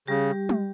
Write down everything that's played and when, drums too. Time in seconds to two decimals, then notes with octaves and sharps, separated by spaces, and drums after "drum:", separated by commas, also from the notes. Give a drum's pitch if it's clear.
0.07 C#3 G3 G4
0.49 drum: tom G3